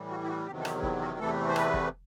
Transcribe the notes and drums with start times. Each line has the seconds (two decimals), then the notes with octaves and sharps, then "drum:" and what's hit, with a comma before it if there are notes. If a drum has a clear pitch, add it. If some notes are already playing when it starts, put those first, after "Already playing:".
Already playing: A2 E3 G3
0.10 F#4
0.23 E4
0.28 F#4
0.46 E2 C3 D#3 F#3 G4
0.60 A4
0.65 G4, drum: rim click
0.83 E4, drum: kick
1.01 F#4
1.19 E2 C3 E3 A3 A4
1.49 C5
1.56 B4, drum: rim click
1.74 drum: kick